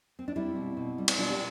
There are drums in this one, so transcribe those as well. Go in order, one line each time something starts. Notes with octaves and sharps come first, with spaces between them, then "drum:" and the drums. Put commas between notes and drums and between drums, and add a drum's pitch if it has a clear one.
C4
D4
G3 C4 E4
B2
B2
G3
drum: cymbal
B2 D4 F4
G4